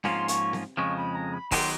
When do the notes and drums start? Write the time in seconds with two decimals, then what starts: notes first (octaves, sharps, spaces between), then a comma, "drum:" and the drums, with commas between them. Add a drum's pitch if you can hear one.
0.04 G#2 F3 A#3 C#4 F4 C6, drum: snare C4
0.28 C#6, drum: hi-hat
0.53 drum: snare C4
0.77 F2 C#3 F3 G#3 C#6
0.96 B5
1.14 A#5
1.33 B5
1.51 D#3 F#3 B3 D#4 G4 C6, drum: kick, open hi-hat